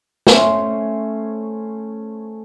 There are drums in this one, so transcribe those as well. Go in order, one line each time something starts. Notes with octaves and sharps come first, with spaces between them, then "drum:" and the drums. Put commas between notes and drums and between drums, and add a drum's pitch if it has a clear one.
A3 C#4 C5, drum: snare